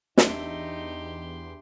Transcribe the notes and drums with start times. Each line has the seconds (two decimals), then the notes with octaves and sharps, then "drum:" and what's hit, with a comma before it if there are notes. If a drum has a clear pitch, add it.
0.18 E2 D4 D#4 G4 E5 C6, drum: snare